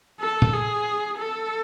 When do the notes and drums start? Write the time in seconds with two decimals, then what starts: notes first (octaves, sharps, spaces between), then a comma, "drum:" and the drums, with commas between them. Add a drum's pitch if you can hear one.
0.20 A4
0.42 drum: tom
0.53 G#4
1.18 A4